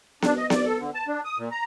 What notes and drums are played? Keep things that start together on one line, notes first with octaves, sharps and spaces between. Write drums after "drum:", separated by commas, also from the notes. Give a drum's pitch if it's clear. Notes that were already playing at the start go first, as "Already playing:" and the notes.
D4, drum: snare B3
D#5
D5, drum: snare B3
A4
D3
A5
D4
D#6
A#2
A#5